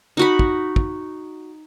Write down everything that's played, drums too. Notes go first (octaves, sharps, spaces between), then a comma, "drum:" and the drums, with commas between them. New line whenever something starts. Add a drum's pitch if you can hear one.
D#4 F#4 B5
drum: kick
drum: kick